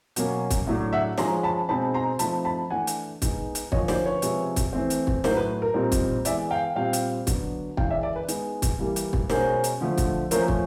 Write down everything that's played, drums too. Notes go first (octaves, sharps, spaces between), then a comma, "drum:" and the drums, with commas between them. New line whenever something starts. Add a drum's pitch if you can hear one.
B2 F#3 A#3 C#4, drum: hi-hat
drum: kick, hi-hat
A2 F#3 A3 D4
E5 F#5
F3 G#3 C#4 A#5 C6, drum: snare
A5 B5
B2 G#3 C4 D#4 A5 B5
A#5 C6
F3 A3 C4 D#4 A5 B5, drum: hi-hat
A5 B5
E3 A3 D4 F#5 G#5
drum: hi-hat
D#3 G#3 B3 D#4, drum: kick, hi-hat
drum: hi-hat
D3 F3 A#3 C#4 C#5 D#5, drum: kick
C5 D5, drum: snare
B4 C#5
C3 F3 G#3 C#4, drum: hi-hat
drum: kick, hi-hat
E3 A3 C4
drum: hi-hat
drum: kick
A2 F#3 A3 A#4 C5, drum: snare
B4
A#4
A#2 G3 C4 D#4
drum: kick, hi-hat
E3 G#3 B3 D5 E5, drum: hi-hat
F5 G5
A#2 G3 C4 F5 G5
drum: hi-hat
D3 F#3 B3 D4, drum: kick, hi-hat
E3 G#3 C#4 F5 G5, drum: kick
D5 E5
D5 E5
B4
D#3 G#3 B3, drum: hi-hat
drum: kick, hi-hat
E3 G3 A#3
drum: hi-hat
drum: kick
B2 G#3 C#4 A#4 C5, drum: snare
drum: hi-hat
D3 F3 A3
drum: kick, hi-hat
F3 A3 C#4 A#4 C5, drum: hi-hat
drum: kick